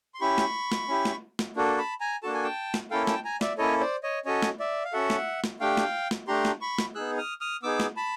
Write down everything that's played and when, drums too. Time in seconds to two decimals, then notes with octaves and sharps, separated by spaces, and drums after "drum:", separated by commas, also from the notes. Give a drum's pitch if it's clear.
0.14 C6
0.21 C#4 E4 G4 B5 C#6
0.38 drum: snare
0.72 drum: snare
0.88 C#4 E4 G4
1.05 drum: snare
1.39 drum: snare
1.56 A#3 D4 F#4 A4
1.78 A5 B5
2.00 G#5 A#5
2.23 A#3 D4 F#4 A4 A5
2.33 G#5
2.43 G5 A5
2.74 drum: snare
2.91 A#3 C#4 E4 A4 F5 G5
3.07 G5 A5, drum: snare
3.25 G#5 A#5
3.41 D5 E5, drum: snare
3.58 A#3 C#4 E4 A4 C#5 D#5
3.80 C5 D5
4.03 C#5 D#5
4.25 C#4 F#4 A4 C#5 D#5
4.42 drum: snare
4.60 D5 E5
4.84 F5
4.93 C#4 F#4 A4 E5 F#5
5.10 drum: snare
5.44 drum: snare
5.60 A3 D4 G4 F5 G5
5.77 drum: snare
6.11 drum: snare
6.27 A3 D4 G4 A#5 C6
6.45 drum: snare
6.61 B5 C#6
6.79 drum: snare
6.95 B3 D#4 G#4 E6 F#6
7.18 D#6 F6
7.41 D#6 F6
7.63 B3 D#4 G#4 D6 E6
7.80 drum: snare
7.97 A5 B5